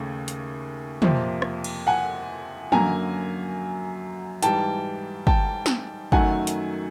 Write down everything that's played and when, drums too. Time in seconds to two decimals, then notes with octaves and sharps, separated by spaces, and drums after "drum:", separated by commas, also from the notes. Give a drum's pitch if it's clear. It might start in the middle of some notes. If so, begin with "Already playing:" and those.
Already playing: D#2 C#3 A3
0.28 drum: hi-hat
1.02 F2 C3 F3 A#3, drum: tom
1.42 drum: rim click
1.64 drum: cymbal
1.87 F#5 G#5
2.72 F#2 D3 F#3 A#3 G#5 A#5, drum: tom
4.43 G#2 E3 G3 G5 A5, drum: hi-hat
5.27 G5 A5, drum: kick
5.66 drum: snare
6.12 F#2 D#3 F#3 A3 F#5 G#5, drum: kick
6.47 drum: hi-hat